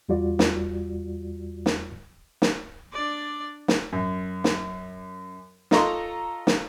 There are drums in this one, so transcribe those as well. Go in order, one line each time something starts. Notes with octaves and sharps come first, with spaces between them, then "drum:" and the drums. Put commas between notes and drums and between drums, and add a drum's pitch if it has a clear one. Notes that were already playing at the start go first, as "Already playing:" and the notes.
E2 G3 F4 F#4 D5
drum: snare
drum: snare
drum: snare
D4 D5
drum: snare
F#2
drum: snare
F4 A4 D#5 A#5 C6 C#6, drum: snare
drum: snare